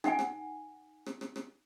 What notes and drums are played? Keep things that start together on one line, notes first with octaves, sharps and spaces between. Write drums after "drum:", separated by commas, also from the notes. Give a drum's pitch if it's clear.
D#4 F#5 G#5, drum: rim click
drum: rim click
drum: rim click
drum: rim click
drum: rim click